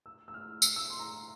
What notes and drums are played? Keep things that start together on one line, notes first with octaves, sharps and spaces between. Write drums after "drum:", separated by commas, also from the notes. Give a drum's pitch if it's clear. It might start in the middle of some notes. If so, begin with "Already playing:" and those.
E6
E6
F6
E6, drum: tambourine
E6
C6
A#5